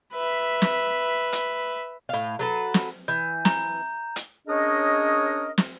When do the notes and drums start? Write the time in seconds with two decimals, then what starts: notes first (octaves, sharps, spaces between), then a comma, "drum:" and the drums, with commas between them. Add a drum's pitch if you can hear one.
0.14 B4 E5
0.62 drum: snare
1.33 drum: hi-hat
2.09 A2 F5
2.39 F#3 A4 B4
2.74 drum: snare
3.08 E3 G6
3.45 A#5, drum: snare
4.16 drum: hi-hat
4.48 C#4 D4 G#4 A#4 C#5 D#5
5.58 drum: snare